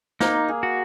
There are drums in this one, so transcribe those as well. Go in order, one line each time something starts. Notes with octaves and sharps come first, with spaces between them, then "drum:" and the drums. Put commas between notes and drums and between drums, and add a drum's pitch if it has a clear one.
A#3 D#4, drum: snare
G#4
F#4